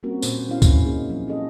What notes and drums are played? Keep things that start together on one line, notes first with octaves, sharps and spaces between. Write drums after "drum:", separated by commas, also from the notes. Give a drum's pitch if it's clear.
G3 A#3 C4 C#4 F#4 A#4
A#2 B4 C5, drum: tambourine
B3 C#4 E4 F#4 F5
drum: kick, tambourine
A#3 C#4 D#4 G#4
F3 F#3
C#4 F4 F#4 G#4 A4 D#5